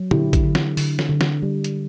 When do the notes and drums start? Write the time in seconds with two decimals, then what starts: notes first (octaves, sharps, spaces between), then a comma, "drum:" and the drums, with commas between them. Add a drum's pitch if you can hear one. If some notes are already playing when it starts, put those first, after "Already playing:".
Already playing: F#3
0.11 D3 E4 G4, drum: tom A#2
0.33 drum: kick, hi-hat
0.44 D3
0.55 drum: snare
0.77 D3, drum: open hi-hat
0.99 drum: snare
1.09 D3
1.21 drum: snare
1.42 G3
1.64 drum: hi-hat